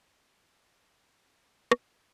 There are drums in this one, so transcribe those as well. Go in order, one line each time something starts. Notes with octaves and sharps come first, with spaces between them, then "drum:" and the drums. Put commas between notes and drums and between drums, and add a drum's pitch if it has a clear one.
F2
F#2
F2, drum: rim click